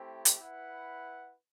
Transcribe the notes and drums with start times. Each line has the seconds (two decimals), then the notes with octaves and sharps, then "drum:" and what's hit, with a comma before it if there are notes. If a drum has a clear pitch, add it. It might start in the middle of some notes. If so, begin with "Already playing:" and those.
Already playing: A3 C4 E4 G4
0.25 drum: hi-hat
0.38 E4 B4 F#5